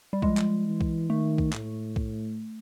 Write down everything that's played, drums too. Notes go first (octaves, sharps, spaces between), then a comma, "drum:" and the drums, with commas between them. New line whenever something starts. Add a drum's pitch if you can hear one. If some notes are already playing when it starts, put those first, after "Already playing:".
G3
F3 G#3, drum: kick B1
drum: clap
E3
drum: kick B1
D#3 A3
drum: kick B1
A2, drum: clap
drum: kick B1